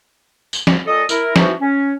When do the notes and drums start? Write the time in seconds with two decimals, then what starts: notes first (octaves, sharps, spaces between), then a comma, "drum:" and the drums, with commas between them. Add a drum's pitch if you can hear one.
0.53 drum: tambourine
0.67 drum: snare
0.87 A#2 A4 D#5
1.09 E4 A#4, drum: tambourine
1.36 E3 F3 D#4 F#4, drum: snare
1.60 C#4